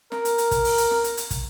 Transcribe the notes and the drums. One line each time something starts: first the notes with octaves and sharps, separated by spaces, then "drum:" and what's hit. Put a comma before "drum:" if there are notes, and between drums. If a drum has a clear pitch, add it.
A#4, drum: snare
drum: hi-hat
drum: hi-hat
drum: kick, hi-hat
drum: open hi-hat
drum: hi-hat
drum: snare
drum: hi-hat
drum: hi-hat
drum: kick, hi-hat